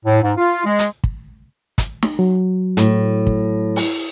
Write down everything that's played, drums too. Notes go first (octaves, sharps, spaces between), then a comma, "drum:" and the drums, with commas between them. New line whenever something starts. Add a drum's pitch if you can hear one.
A2
G#2
F4
G#3
drum: hi-hat
drum: kick
drum: kick, hi-hat
drum: snare
F#3
A2, drum: hi-hat
drum: kick
drum: open hi-hat